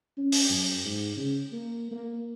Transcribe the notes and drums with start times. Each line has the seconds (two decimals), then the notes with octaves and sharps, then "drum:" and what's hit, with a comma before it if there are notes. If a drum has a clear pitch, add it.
0.17 C#4
0.32 drum: open hi-hat
0.49 F#2
0.85 G#2
1.16 C#3
1.52 A#3
1.91 A#3